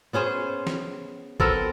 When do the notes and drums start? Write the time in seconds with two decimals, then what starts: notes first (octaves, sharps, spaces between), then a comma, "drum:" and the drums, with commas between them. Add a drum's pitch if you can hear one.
0.13 B3 C#4 G#4 C5
0.67 drum: snare
1.40 B3 C4 A4 A#4, drum: kick